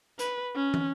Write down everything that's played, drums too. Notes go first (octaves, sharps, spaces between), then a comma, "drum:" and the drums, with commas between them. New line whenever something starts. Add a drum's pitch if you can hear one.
B4, drum: hi-hat
C#4
drum: tom